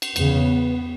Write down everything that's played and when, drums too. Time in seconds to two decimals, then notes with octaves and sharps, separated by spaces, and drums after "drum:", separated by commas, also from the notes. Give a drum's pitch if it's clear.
0.02 drum: cymbal
0.16 E2 C#3 B3, drum: cymbal